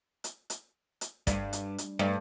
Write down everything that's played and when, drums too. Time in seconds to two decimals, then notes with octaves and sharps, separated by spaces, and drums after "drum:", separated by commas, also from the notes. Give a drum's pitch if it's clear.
0.24 drum: hi-hat
0.50 drum: hi-hat
1.01 drum: hi-hat
1.27 G2, drum: kick, hi-hat
1.53 drum: hi-hat
1.78 drum: hi-hat
1.99 G2